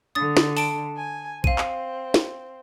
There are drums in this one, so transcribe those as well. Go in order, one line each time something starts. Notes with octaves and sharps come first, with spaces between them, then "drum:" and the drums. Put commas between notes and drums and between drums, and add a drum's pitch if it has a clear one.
D3 D#6 A6
drum: snare
A5 D7 E7, drum: open hi-hat
G#5
C4 F5 D#7, drum: kick A#1
drum: clap
drum: snare